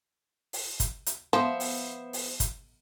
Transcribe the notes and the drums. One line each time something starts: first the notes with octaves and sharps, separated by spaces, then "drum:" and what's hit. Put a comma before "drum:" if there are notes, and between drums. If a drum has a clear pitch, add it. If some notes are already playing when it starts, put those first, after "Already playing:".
drum: open hi-hat
drum: kick, hi-hat
drum: hi-hat
F3 B3 C5 E5
drum: open hi-hat
drum: open hi-hat
drum: kick, hi-hat